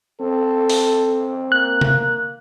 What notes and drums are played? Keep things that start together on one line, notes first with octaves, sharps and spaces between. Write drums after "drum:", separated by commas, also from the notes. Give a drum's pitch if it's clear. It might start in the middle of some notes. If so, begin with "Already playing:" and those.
C4 A4
drum: open hi-hat
A#3 F#6
drum: tom C3